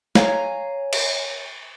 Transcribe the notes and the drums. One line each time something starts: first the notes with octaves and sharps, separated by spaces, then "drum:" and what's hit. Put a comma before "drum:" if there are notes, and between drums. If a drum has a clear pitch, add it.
C#5 F5 G#5 A#5, drum: snare
drum: cymbal